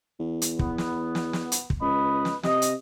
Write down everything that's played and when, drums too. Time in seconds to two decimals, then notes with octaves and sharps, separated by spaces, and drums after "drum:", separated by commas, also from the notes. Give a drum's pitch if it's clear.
0.19 E2
0.42 drum: hi-hat
0.59 B3, drum: kick
0.78 drum: snare
1.15 drum: snare
1.33 drum: snare
1.52 drum: hi-hat
1.70 drum: kick
1.81 C#2 B4 D#5 B5
2.25 drum: snare
2.43 C3 D#5, drum: snare
2.62 drum: hi-hat